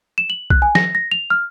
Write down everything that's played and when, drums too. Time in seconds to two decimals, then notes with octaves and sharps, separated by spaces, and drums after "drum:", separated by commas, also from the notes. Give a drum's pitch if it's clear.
0.18 E7
0.30 F#7
0.50 F#6, drum: kick B1
0.62 G#5
0.75 A#6, drum: snare
0.95 A#6
1.11 F7
1.30 F6